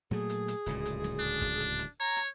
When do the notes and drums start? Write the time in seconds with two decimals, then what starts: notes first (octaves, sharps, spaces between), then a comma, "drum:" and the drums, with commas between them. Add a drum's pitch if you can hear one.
0.11 A#2 F#3 A3 G#4
0.29 drum: hi-hat
0.48 drum: hi-hat
0.66 D1 C#2 A#2, drum: hi-hat
0.85 drum: hi-hat
1.04 drum: snare
1.20 D4
1.41 drum: kick, hi-hat
1.60 drum: hi-hat
1.79 drum: hi-hat
2.00 C#5 A#5
2.16 drum: hi-hat